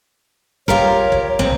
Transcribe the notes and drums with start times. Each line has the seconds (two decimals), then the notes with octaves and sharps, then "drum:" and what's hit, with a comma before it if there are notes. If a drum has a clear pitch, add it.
0.68 F4 G4 A#4 C#5, drum: kick
1.12 drum: kick
1.39 C4, drum: tom